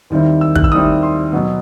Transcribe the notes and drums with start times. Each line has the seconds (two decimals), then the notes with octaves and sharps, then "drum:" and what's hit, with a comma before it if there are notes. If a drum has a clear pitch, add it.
0.10 D#2 D#3 G3 C4 E4
0.41 E6
0.55 F#6, drum: kick
0.64 E6
0.72 D#2 D#3 G3 C4 E4 D#6
1.03 C6
1.33 B2 F#3 B3